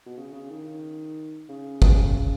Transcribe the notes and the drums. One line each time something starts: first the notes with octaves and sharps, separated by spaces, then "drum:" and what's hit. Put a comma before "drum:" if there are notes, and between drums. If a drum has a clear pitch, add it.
B2
C#3
C#3
D#3
C#3
C#3, drum: kick